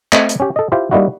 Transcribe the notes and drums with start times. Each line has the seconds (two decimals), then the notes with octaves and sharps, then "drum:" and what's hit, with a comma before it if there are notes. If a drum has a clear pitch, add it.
0.12 A3 C4 D#5, drum: clap
0.29 drum: hi-hat
0.40 C#4 G4
0.56 A4 D#5
0.72 E4 F4 G4 C5
0.91 G3 A#3 D#4 E4 F#4